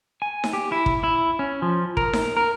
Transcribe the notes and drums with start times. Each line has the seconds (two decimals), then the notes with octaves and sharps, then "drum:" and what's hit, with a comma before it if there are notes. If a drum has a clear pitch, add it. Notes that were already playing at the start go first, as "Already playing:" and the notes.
0.22 G#5
0.44 drum: snare D#4
0.53 G4
0.72 E4
0.86 drum: kick
1.04 E4
1.39 C#4
1.62 F3
1.97 A#4, drum: kick
2.13 drum: snare D#4
2.37 A#4